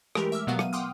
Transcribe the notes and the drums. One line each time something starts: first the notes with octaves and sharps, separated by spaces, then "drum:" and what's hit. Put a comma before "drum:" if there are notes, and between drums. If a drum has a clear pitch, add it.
E3 G#3 A3 G4 A#4, drum: rim click
E5 D6 E6 F6
B2 F#3 B3 F5 F#5
D#7, drum: rim click
F#5 G5 C6 D6 D#6 F6